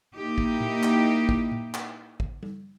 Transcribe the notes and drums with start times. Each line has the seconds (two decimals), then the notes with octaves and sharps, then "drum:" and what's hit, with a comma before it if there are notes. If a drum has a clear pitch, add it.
0.15 A#3 D#4 E4 G4
0.38 drum: kick
0.60 drum: tom A#2
0.83 drum: clap
1.29 drum: kick
1.52 drum: tom A#2
1.74 drum: clap
2.20 drum: kick
2.43 drum: tom G3